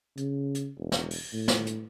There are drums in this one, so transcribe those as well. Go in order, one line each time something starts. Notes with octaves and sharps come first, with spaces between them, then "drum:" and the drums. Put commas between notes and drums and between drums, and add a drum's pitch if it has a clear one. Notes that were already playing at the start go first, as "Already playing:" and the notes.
C#3, drum: hi-hat
drum: hi-hat
E1
drum: snare
drum: open hi-hat
A2
drum: snare
drum: hi-hat